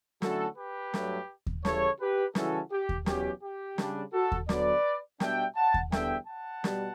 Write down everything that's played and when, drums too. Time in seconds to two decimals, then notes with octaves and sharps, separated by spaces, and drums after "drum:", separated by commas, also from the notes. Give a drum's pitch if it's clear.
0.22 D3 F#3 A3 C#4 E4 F#4 A4, drum: snare
0.57 G4 B4
0.94 G2 F#3 A3, drum: snare
1.46 drum: kick D#2
1.65 C#3 E3 G3 A4 C#5, drum: snare
2.00 G4 B4
2.35 C#3 E3 G3 C#4 E4 F#4 A4, drum: snare
2.72 G4
2.89 drum: kick D#2
3.06 E2 B2 F#3 C#4 G4, drum: snare
3.43 G4
3.78 C#3 G3 D4, drum: snare
4.13 F#4 A4
4.32 drum: kick D#2
4.49 D3 F#3 B3 B4 D5, drum: snare
5.20 B2 G3 B3 D4 E5 G5, drum: snare
5.56 F#5 A5
5.74 drum: kick D#2
5.92 E2 D3 G3 B3 E5 G5, drum: snare
6.27 F#5 A5
6.64 B2 G3, drum: snare